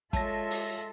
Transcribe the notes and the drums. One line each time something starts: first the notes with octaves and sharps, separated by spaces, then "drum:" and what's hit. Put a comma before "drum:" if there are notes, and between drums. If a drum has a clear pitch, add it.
G#3 F4 A4 C#5 E5 A5 A#6, drum: kick, hi-hat
drum: open hi-hat